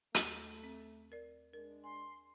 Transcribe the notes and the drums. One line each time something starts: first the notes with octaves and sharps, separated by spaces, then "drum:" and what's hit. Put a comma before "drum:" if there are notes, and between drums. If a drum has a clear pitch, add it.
D#2 A3, drum: hi-hat
C4
A#4 D5
G#3 D4 A#4
G#5 C6